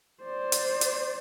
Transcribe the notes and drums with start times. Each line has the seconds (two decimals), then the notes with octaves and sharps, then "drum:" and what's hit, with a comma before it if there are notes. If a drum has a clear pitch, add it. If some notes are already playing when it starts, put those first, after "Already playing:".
0.23 C5 D5
0.52 drum: hi-hat
0.81 drum: hi-hat